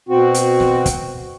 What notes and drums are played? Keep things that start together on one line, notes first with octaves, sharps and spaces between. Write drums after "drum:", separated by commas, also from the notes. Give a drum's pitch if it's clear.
B2 C4 F#4
drum: hi-hat
drum: snare
drum: kick, hi-hat